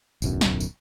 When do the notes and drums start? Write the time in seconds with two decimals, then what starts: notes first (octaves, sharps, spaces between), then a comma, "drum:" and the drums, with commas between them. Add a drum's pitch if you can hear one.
0.22 D1 B1 F#2, drum: tambourine
0.41 drum: snare
0.60 drum: tambourine